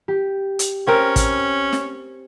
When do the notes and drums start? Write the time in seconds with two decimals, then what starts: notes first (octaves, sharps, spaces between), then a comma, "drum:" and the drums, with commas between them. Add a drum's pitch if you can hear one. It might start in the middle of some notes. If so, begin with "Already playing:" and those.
0.08 G4
0.59 drum: hi-hat
0.87 C4 C#4 A#4
1.16 drum: kick, hi-hat
1.73 drum: snare